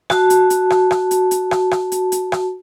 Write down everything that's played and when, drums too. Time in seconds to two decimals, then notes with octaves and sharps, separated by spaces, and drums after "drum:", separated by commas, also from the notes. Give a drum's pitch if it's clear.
0.10 F#4 A5, drum: rim click
0.30 drum: hi-hat
0.50 drum: hi-hat
0.70 drum: rim click
0.91 drum: rim click
1.11 drum: hi-hat
1.31 drum: hi-hat
1.51 drum: rim click
1.71 drum: rim click
1.92 drum: hi-hat
2.12 drum: hi-hat
2.32 drum: rim click